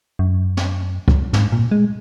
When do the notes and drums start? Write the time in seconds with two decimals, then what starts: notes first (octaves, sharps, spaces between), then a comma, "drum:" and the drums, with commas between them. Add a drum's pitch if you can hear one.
0.19 F#2
0.57 drum: snare
1.08 drum: kick
1.33 G#2, drum: snare
1.52 A#2
1.71 G#3